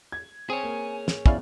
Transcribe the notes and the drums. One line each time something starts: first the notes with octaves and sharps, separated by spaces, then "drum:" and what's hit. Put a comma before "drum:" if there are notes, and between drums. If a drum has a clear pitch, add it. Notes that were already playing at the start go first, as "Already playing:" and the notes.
G#6
C4 G#4 C#5 G#5
A#3
drum: snare
E2 C#4 E4 D5 F5, drum: kick